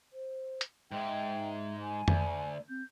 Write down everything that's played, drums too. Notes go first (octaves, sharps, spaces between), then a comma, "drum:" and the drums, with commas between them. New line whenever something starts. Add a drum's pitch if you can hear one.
C5
drum: hi-hat
G#2 G#3 E5 G5
G#5
D2 D5, drum: tom F2
C4 G6